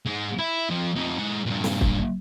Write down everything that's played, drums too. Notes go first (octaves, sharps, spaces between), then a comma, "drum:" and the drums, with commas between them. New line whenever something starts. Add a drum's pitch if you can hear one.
G#2 G#3
E4
F2 F3
F2 D#4
G#3 F#5
G2 A#2
drum: snare
drum: kick